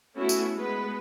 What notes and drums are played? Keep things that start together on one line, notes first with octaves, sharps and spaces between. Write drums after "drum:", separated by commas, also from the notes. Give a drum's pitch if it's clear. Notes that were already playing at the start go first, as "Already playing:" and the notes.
A3 B3 C#4 E4 F#4 A4
drum: tambourine
G#3 B3 B4